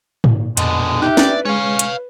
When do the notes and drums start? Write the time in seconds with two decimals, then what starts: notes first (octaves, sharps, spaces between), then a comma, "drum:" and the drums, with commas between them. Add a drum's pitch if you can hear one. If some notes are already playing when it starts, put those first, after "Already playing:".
0.24 A#2, drum: tom G#2
0.57 F2 B2 D3 G#3, drum: hi-hat
1.02 D#4 G4 E5 F#6
1.17 B4 D5, drum: snare
1.45 G#3 C#4 C#5 F5
1.79 drum: hi-hat